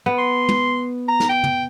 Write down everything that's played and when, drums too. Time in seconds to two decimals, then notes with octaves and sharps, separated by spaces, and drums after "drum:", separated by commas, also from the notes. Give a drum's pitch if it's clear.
0.06 B3
0.18 C6
0.49 drum: tom
1.08 A#5
1.20 drum: snare
1.29 G5
1.44 drum: tom